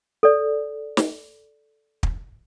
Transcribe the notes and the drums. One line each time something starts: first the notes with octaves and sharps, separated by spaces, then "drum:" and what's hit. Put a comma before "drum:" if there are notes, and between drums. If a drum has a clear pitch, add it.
A4 D5
drum: snare
drum: kick